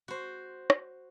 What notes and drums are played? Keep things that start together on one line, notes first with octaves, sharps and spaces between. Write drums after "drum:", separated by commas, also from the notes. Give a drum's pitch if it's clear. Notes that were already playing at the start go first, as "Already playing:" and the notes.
F#4 C5
drum: rim click